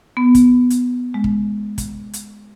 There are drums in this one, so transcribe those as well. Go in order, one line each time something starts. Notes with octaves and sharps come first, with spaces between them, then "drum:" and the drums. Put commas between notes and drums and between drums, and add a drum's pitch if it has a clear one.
B3
drum: kick, hi-hat
drum: hi-hat
G#3
drum: kick
drum: kick, hi-hat
drum: hi-hat